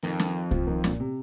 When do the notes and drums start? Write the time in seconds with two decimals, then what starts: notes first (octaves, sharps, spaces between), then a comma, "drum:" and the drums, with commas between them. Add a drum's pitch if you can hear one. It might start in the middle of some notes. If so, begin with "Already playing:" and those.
0.03 F2 D#3
0.20 drum: snare
0.51 F3, drum: kick C2
0.67 D#3
0.84 A#2, drum: snare
1.00 C3